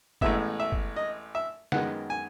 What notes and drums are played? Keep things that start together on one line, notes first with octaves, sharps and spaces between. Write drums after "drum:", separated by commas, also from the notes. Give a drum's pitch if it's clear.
A1 A2 G#3 B3 E5, drum: kick
E5
drum: kick
D#5
E5
F#2 D#3 G#3 B3 F#5, drum: snare
G#5